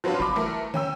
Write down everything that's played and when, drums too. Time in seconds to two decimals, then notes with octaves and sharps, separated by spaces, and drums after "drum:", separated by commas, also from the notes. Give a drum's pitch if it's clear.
0.04 F3 F#3 B3 C#4 D4 F4
0.20 B5 D6, drum: kick
0.35 E3 A3 A#4
0.74 C#4 G5 E6, drum: tom